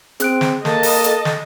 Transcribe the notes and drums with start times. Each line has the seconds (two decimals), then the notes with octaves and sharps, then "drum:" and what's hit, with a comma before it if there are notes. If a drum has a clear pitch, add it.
0.20 C4 G#4 F#6 D7, drum: hi-hat
0.41 drum: snare
0.65 A#3 A4 D#5 A5, drum: snare
0.83 drum: open hi-hat
1.04 drum: hi-hat
1.25 drum: snare